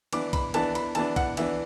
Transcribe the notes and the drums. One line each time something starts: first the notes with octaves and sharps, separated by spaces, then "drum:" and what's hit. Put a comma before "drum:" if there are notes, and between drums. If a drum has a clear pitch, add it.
E3 B3 D4 D6, drum: cymbal
B5, drum: kick B1, cymbal
E3 B3 D4 A5, drum: cymbal
B5, drum: cymbal
E3 B3 D4 A5, drum: cymbal
F#5, drum: kick B1, cymbal
E3 B3 D4 E5, drum: cymbal